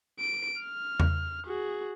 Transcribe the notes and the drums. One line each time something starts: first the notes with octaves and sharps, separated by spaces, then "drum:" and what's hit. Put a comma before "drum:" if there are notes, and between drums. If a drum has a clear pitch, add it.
D7
F6
drum: tom E2
F#4 G#4